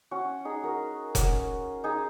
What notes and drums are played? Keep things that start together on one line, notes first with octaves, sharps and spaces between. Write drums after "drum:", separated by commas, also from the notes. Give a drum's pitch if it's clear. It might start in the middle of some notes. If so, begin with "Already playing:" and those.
C#4 F#4
D#4 G#4
F#4 A#4
C#4 F#4, drum: kick F1, hi-hat
D#4 G#4